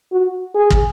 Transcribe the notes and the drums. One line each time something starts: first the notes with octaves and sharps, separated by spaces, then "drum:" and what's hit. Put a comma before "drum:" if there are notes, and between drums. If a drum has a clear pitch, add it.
F#4
G#4
drum: kick